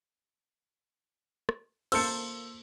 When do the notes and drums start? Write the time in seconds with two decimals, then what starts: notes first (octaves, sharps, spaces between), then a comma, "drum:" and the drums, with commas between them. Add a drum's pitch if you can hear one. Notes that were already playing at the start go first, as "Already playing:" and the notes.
1.49 drum: rim click
1.92 A#3 A4 C5 E6 C#7, drum: cymbal